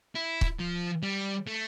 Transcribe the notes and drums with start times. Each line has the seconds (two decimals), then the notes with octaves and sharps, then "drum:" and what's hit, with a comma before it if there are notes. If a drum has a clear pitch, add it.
0.15 E4
0.41 drum: kick
0.60 F3
1.03 G3
1.47 A3